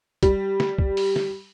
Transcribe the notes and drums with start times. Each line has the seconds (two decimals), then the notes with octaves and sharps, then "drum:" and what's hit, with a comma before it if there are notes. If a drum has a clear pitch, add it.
0.23 G3, drum: kick, hi-hat
0.60 drum: snare
0.79 drum: kick
0.97 drum: open hi-hat
1.16 drum: snare